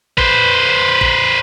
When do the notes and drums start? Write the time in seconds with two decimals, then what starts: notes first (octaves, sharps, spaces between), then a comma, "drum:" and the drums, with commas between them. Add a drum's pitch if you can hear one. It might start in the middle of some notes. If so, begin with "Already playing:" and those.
0.18 B4 C5, drum: kick A#1
1.01 drum: kick A#1